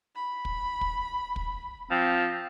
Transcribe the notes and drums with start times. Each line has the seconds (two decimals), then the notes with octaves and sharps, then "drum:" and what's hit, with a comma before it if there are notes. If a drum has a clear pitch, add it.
0.15 B5
0.45 drum: kick
0.81 drum: kick
1.36 drum: kick
1.91 F3 C4